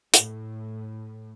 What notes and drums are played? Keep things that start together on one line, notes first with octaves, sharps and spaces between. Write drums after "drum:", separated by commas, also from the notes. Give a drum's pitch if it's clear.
A2, drum: hi-hat